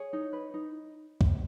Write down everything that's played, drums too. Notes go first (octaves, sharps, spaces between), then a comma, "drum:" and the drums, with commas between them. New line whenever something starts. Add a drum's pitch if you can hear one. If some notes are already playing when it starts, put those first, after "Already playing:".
Already playing: G#4 C#5
D#4
B4
D#4
drum: kick